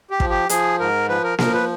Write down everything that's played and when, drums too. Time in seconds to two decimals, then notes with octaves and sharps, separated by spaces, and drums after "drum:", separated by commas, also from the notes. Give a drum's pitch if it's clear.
0.10 G4
0.20 F3, drum: kick
0.30 G4
0.49 F3 G#4, drum: hi-hat
0.79 G#2 A#4
1.09 F3 B4
1.24 A#4
1.39 F3 A#4, drum: snare A#3
1.53 B4